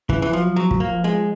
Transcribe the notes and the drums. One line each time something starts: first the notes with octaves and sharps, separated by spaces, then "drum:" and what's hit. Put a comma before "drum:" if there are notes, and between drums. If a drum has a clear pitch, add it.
C#3 E3, drum: kick
E3 F3
F3 F#3
F3 F#3
drum: kick
F3 A#3
G#3